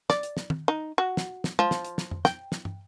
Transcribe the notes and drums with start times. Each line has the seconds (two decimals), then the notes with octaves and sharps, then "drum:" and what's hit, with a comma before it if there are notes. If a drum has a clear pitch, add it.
0.10 D5, drum: snare
0.23 drum: hi-hat
0.37 drum: snare
0.50 drum: tom
0.68 D#4
0.98 F#4
1.17 drum: snare
1.44 drum: snare
1.59 F3, drum: tom
1.71 drum: snare
1.85 drum: hi-hat
1.98 drum: snare
2.11 drum: tom F2
2.25 G5, drum: snare
2.52 drum: snare
2.65 drum: tom